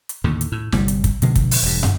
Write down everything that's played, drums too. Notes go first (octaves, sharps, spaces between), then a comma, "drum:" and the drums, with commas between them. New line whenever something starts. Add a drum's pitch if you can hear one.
drum: hi-hat
D#2 A2 D3
drum: hi-hat
A2
G1 C3 G3, drum: snare
drum: hi-hat
drum: kick, hi-hat
B2 D3 F3 G#3, drum: hi-hat
drum: kick, hi-hat
drum: open hi-hat
E1 G2
drum: tom